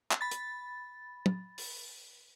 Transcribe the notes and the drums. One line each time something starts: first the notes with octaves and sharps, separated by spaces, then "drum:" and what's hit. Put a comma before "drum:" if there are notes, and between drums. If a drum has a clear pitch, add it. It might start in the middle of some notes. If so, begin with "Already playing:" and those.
drum: clap
B5 A6
drum: hi-hat
drum: tom
drum: open hi-hat